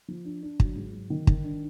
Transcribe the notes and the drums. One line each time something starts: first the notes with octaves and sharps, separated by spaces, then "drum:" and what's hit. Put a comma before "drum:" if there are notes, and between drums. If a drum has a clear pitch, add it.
F3
D4
D4
F#3, drum: kick
G#2
F#3
D#3
D#3, drum: kick
D4